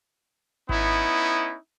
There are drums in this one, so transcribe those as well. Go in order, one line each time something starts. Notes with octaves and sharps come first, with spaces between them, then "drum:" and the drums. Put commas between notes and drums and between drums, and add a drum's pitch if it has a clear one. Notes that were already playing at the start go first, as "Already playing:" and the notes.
B3 C#4 D#4 E4, drum: kick G#1